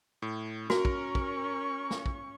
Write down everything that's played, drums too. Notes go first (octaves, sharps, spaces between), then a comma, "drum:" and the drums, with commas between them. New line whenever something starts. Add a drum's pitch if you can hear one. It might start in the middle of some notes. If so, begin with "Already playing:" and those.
A2
C#4 F#4 A#4 C#6, drum: snare
drum: kick
drum: kick
drum: snare
drum: kick